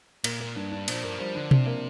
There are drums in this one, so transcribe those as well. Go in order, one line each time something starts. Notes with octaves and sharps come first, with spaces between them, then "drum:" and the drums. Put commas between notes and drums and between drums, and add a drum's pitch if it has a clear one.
A#2 A#3, drum: cymbal
A#3
G2 D4
D4
A#2 F3, drum: cymbal
G2 A#4
F3 G3
D3 D4
C3 D4, drum: tom B2
A#3